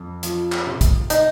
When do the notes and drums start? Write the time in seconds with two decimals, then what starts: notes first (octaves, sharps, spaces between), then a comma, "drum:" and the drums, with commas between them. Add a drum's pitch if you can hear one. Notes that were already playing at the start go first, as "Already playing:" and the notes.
Already playing: F2
0.23 F3, drum: hi-hat
0.52 drum: clap
0.67 C3
0.81 drum: kick, hi-hat
1.10 D#4, drum: hi-hat